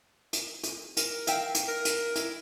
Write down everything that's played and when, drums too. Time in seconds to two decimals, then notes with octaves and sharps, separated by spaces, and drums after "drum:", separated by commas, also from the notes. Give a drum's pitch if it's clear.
0.33 drum: hi-hat
0.63 drum: hi-hat
0.97 A#4, drum: hi-hat
1.27 E5 F5 G5, drum: hi-hat
1.55 drum: hi-hat
1.68 A#4
1.85 drum: hi-hat
2.16 E4, drum: hi-hat